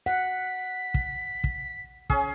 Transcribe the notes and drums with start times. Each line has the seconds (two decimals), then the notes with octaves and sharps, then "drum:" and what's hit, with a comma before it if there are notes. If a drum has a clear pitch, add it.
0.06 F#5 B6
0.94 drum: kick
1.44 drum: kick
2.10 C#4 G#4 C#5, drum: kick